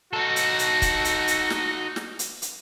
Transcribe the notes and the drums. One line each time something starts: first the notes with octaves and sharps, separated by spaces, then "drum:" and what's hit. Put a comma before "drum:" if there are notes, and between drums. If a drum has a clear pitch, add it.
D#4 F#4 A4
drum: hi-hat
drum: hi-hat
drum: kick, hi-hat
drum: hi-hat
drum: hi-hat
drum: snare
drum: snare
drum: hi-hat
drum: hi-hat